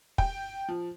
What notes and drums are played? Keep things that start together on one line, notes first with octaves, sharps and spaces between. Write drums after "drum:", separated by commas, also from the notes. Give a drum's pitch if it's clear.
G5, drum: kick
F3